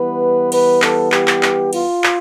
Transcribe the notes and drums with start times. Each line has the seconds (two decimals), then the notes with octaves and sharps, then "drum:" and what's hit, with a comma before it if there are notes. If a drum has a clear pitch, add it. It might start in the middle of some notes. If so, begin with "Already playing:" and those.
Already playing: E3 G3 B3 B4
0.52 B4, drum: cymbal
0.82 A4, drum: clap
1.12 G4, drum: clap
1.27 drum: clap
1.43 drum: clap
1.73 F4, drum: cymbal
2.04 drum: clap